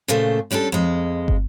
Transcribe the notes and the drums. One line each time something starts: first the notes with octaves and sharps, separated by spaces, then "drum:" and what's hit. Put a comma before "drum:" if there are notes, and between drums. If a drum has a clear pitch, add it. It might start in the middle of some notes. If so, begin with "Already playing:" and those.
A#2 C#3 A3 C5
G3 C#4 D4 F#4 A4
F2 G#3
drum: kick